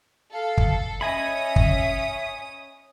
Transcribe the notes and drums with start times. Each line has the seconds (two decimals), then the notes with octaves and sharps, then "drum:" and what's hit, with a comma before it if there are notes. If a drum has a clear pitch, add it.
0.33 A4 F5
0.58 drum: kick
1.01 C#4 D#5 E5 G#5 B5 D#6
1.56 drum: kick